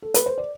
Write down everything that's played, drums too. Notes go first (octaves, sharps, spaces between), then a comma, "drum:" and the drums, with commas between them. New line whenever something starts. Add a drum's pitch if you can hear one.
A4
B4, drum: hi-hat
C5
D5